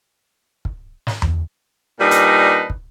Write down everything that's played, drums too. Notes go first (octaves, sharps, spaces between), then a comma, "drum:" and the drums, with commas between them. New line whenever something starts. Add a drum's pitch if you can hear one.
drum: kick
drum: snare
drum: tom E2
A#2 G3 D4 D#4 B4
drum: hi-hat
drum: kick